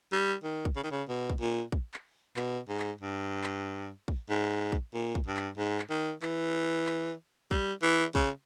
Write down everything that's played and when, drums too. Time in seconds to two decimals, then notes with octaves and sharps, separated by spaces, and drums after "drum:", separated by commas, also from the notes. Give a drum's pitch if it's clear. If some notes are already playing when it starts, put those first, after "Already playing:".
0.12 G3
0.44 D#3
0.65 drum: kick
0.76 C#3
0.83 D#3
0.91 C#3
1.08 B2
1.30 drum: kick
1.41 A#2
1.72 drum: kick
1.94 drum: clap
2.36 B2, drum: clap
2.69 G#2
2.79 drum: clap
3.01 G2
3.44 drum: clap
4.08 drum: kick
4.30 G#2
4.72 drum: kick
4.94 A#2
5.15 drum: kick
5.26 G2
5.37 drum: clap
5.58 G#2
5.79 drum: clap
5.90 D#3
6.23 E3, drum: clap
6.87 drum: clap
7.51 G3, drum: kick
7.82 E3
8.15 C#3, drum: kick